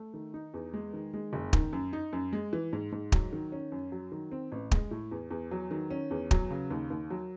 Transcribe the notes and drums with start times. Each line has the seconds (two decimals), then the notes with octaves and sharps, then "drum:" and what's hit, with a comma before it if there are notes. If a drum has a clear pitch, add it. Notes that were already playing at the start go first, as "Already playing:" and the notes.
Already playing: A3
0.14 D#3
0.34 D#4
0.54 E2
0.74 G#3
0.93 D#3
1.14 G#3
1.33 F#1
1.53 D#3, drum: kick
1.73 F#2
1.93 D#4
2.13 F#2
2.33 G#3
2.53 E3
2.73 G#2
2.92 G#2
3.12 F#3, drum: kick
3.33 D#3
3.52 C#4
3.72 F#2
3.92 F#3
4.12 D#3
4.32 C4
4.52 A1
4.71 G#3, drum: kick
4.91 A2
5.12 E2
5.31 E2
5.51 F#3
5.71 D#3
5.91 C#4
6.11 E2
6.31 F#3, drum: kick
6.50 C#3
6.70 D#2
6.90 D#2
7.10 F#3